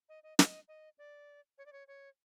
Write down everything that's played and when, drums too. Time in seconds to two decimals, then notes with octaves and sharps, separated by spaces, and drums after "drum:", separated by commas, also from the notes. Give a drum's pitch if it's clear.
0.09 D#5
0.23 D#5
0.39 D#5, drum: snare
0.68 D#5
0.98 D5
1.58 C#5
1.66 D5
1.73 C#5
1.88 C#5